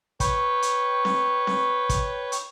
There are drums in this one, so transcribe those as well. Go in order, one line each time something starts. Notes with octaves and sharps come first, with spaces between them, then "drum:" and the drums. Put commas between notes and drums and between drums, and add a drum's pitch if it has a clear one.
B4 C#5 G5, drum: kick, hi-hat
drum: hi-hat
drum: snare C4
drum: snare C4
drum: kick, hi-hat
drum: hi-hat